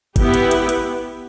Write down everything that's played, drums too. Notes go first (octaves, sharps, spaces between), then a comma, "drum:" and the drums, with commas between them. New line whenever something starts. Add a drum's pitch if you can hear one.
B3 E4 G4, drum: kick G1, hi-hat
drum: hi-hat
drum: hi-hat
drum: hi-hat